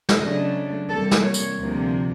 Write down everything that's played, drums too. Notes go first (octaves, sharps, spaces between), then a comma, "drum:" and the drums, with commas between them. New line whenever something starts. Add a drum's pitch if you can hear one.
drum: snare
C#3 F#3 A3 D4 D#5
C3 E3 G3 A#3 A4
drum: snare
C#5
drum: tambourine
D2 C3 F3 A#3